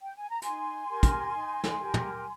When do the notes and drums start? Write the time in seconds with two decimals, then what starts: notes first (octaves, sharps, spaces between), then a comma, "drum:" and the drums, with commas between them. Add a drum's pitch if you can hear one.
0.02 G5
0.16 G#5
0.30 A#5
0.42 D#4 G#5 C6, drum: hi-hat
0.88 G4 A#4
1.03 drum: kick, hi-hat
1.33 D#4
1.64 drum: snare
1.79 G4 A#4
1.94 drum: tom